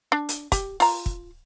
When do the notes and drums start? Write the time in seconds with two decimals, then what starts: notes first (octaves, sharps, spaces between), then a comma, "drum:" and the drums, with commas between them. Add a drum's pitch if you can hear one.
0.12 D4
0.29 drum: hi-hat
0.52 G4, drum: kick, hi-hat
0.80 F4 A#5, drum: open hi-hat
1.06 drum: kick